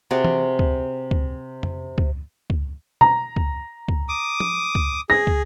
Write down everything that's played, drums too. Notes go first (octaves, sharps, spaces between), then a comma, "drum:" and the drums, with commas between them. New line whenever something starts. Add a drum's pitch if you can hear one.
C3 F#4 G#4 D5
drum: tom
drum: kick
drum: kick
drum: tom F2
drum: kick
drum: kick
A#5, drum: tom B2
drum: kick
drum: kick
D6 D#6
drum: tom
drum: kick
G#4 A#6
drum: kick